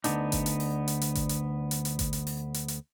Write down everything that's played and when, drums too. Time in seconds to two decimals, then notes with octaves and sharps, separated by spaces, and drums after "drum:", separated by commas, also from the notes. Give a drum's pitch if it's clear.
0.04 D2 D#3 B3 D4 D#4, drum: hi-hat
0.32 drum: kick G#1, hi-hat
0.46 drum: hi-hat
0.60 drum: open hi-hat
0.88 drum: hi-hat
1.01 drum: hi-hat
1.15 drum: kick G#1, hi-hat
1.29 drum: hi-hat
1.71 drum: hi-hat
1.85 drum: hi-hat
1.99 drum: kick G#1, hi-hat
2.13 drum: hi-hat
2.27 drum: open hi-hat
2.54 drum: hi-hat
2.68 drum: hi-hat